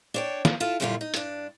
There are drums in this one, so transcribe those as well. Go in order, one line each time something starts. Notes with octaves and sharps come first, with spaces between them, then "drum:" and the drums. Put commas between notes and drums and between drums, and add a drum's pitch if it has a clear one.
D4 C#5 G5
F3, drum: snare
E4 F4 A4
F#2 A#2 D3 G3 E4 F4
D#4
G2 D4, drum: hi-hat